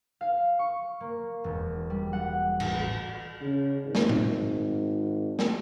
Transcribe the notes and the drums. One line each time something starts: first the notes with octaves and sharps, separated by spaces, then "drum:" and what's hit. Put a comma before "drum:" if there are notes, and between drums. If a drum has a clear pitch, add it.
F5
C#6
A#3
E1
G3
F#5
A1, drum: cymbal
C#3
G#1
drum: snare
drum: tom A2
drum: snare